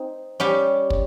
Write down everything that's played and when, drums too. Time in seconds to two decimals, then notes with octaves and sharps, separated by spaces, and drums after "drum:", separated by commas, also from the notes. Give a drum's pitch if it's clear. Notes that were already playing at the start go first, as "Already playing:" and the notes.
Already playing: C4 D#4
0.40 G3 C#4 G4
0.90 drum: kick